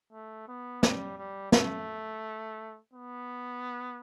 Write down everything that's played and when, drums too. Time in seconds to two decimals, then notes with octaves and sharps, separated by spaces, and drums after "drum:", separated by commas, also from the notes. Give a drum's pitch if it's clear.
0.12 A3
0.48 B3
0.83 G3, drum: snare
1.17 G3
1.52 A3, drum: snare
2.93 B3